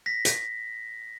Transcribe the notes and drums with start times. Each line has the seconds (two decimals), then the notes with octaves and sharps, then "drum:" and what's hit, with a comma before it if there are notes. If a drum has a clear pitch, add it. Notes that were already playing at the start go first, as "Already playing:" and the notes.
0.06 A#6 B6
0.25 drum: hi-hat